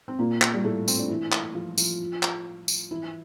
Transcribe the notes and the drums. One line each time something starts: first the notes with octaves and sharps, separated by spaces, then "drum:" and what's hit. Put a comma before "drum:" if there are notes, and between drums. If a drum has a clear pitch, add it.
C4
A#2 A#3
drum: clap
G3
A2 A3
C4, drum: tambourine
D4
E3 E4
drum: clap
F3 F4
F3 F4, drum: tambourine
drum: clap
drum: tambourine
E3 E4